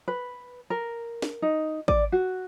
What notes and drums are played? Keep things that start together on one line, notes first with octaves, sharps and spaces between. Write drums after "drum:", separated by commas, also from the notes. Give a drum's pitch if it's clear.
B4
A#4
drum: snare
D#4
D5, drum: kick
F#4